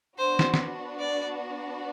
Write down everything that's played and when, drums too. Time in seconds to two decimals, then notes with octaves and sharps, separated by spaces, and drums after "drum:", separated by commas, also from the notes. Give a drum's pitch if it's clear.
0.18 B3 D4 F#4 C5
0.39 drum: snare
0.54 drum: snare
0.99 D5